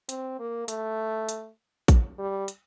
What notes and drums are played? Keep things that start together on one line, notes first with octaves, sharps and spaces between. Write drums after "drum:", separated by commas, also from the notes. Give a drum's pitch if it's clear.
C4, drum: hi-hat
A#3
A3, drum: hi-hat
drum: hi-hat
drum: kick A1, hi-hat
G3
drum: hi-hat